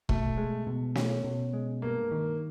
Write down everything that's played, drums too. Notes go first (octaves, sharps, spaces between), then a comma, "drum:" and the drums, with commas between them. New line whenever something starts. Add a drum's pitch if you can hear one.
B2 A3, drum: kick
G#3
B2
C#4, drum: snare
B2
G#3
G2 A#3
D#3